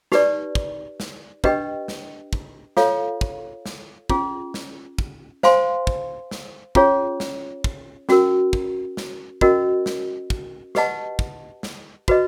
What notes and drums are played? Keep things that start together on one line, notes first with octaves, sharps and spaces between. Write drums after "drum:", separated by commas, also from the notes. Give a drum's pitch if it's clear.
D#4 G4 B4 D5, drum: snare
drum: kick
drum: snare
D4 G4 B4 D#5 G5, drum: kick
drum: snare
drum: kick
F4 A4 C#5 F5, drum: snare
drum: kick
drum: snare
C#4 F4 G#4, drum: kick
drum: snare
drum: kick
C5 F5 G#5 C6, drum: snare
drum: kick
drum: snare
C#4 F4 G#4 C#5, drum: kick
drum: snare
drum: kick
C#4 F#4 A#4, drum: snare
drum: kick
drum: snare
C#4 F#4 A#4 D#5, drum: kick
drum: snare
drum: kick
G4 B4 D#5 F#5 A5, drum: snare
drum: kick
drum: snare
F#4 B4 D#5, drum: kick